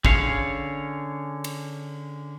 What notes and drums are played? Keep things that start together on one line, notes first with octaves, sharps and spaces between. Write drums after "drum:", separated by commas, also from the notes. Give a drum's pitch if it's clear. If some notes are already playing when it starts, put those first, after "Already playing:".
D3 C#4 G#4 C#5 F5, drum: kick
drum: cymbal